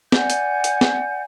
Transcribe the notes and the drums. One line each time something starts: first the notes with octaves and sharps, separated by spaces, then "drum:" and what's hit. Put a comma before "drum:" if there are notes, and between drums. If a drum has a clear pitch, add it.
D5 F#5 G#5 G6, drum: snare
drum: hi-hat
drum: hi-hat
drum: snare